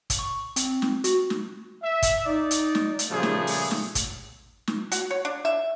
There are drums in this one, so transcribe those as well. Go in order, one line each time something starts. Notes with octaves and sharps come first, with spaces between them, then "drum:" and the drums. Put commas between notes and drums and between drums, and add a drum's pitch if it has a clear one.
drum: kick, hi-hat
C#6
C4, drum: hi-hat
drum: snare
F#4, drum: hi-hat
drum: snare
E5
drum: kick, hi-hat
D#4 D5
drum: hi-hat
drum: snare
drum: hi-hat
A#2 C#3 F3 G3 A3 G#4
drum: snare
drum: open hi-hat
drum: snare
drum: kick, hi-hat
drum: snare
F#4, drum: hi-hat
C#5
D4
E5